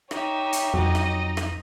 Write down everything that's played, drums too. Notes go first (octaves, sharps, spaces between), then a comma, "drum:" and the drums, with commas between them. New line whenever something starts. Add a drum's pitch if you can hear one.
D#4 G4 C#5 E5, drum: rim click
drum: hi-hat
F2 F#3 D#4 D#5
drum: rim click
drum: rim click